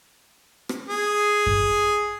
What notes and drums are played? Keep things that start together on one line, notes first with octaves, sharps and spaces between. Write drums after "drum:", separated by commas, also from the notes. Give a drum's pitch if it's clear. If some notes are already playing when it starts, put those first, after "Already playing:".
drum: rim click
G#4
drum: kick F#2